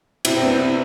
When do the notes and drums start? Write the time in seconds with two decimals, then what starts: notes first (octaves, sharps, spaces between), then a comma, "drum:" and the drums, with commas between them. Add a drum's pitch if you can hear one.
0.25 C3 C4 E4, drum: cymbal
0.37 C4
0.42 C2 B3 D4
0.59 C4 E4